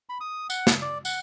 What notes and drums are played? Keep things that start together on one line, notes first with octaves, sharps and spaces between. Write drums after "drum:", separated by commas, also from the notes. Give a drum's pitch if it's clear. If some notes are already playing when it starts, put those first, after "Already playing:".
B5
D#6
F#5, drum: tambourine
drum: snare
D5
F#5, drum: tambourine